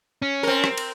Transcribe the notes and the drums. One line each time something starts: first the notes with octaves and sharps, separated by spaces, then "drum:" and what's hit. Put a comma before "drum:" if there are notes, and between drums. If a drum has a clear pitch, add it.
C#4
C4 A#4
drum: rim click
drum: cymbal